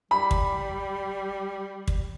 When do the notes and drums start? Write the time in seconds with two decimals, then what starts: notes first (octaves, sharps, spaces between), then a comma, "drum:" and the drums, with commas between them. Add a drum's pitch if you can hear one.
0.11 G3 B5
0.31 drum: kick
1.88 drum: kick